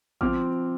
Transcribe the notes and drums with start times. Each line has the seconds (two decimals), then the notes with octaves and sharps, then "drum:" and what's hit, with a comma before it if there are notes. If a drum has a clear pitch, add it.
0.21 F3 C4 F4 D6 F6, drum: kick A1